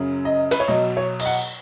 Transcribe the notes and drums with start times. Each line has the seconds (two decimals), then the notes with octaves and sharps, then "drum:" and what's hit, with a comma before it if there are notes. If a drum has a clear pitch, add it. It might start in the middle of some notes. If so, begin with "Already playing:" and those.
Already playing: F#2 C#3 F#3
0.25 D#5
0.51 B4, drum: cymbal
0.60 C#5
0.68 B2 F#3 D#5
0.97 C#5
1.20 D#5, drum: cymbal
1.26 F#5